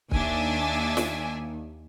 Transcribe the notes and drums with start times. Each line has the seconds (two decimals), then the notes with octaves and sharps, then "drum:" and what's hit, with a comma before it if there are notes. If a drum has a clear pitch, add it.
0.11 D#2 D4 E5 G#5, drum: kick
0.97 drum: snare